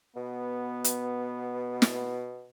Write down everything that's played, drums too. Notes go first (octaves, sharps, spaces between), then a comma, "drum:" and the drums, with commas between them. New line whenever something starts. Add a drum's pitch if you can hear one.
B2 B3
drum: hi-hat
drum: snare